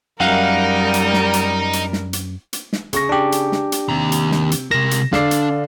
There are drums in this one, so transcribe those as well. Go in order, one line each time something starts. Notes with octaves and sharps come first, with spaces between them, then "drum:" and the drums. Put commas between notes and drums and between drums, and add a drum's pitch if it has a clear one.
F#2 G3 D#4 A#4 F5 F#5
drum: hi-hat
drum: snare
drum: hi-hat
drum: hi-hat
drum: snare
drum: hi-hat
drum: hi-hat
drum: snare
C#3 C#6 A#6, drum: hi-hat
D4 G4
drum: hi-hat
drum: snare
drum: hi-hat
D#2 C3 A#5
drum: hi-hat
drum: snare
drum: hi-hat
C3 A#4 A#6 E7
drum: hi-hat
D3 D4 D5 F5 C7, drum: snare
drum: hi-hat